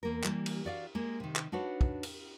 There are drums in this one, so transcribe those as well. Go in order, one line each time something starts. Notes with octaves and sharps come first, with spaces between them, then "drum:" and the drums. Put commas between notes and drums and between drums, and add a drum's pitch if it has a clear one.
E2 A#3 A#4
E3 G3 A#3 G4, drum: clap
drum: cymbal
F#4 D5 D#5 F5
G#3 A#3
C3 D#3
drum: clap
D4 D#4 F#4 B4 C#5
drum: kick
drum: cymbal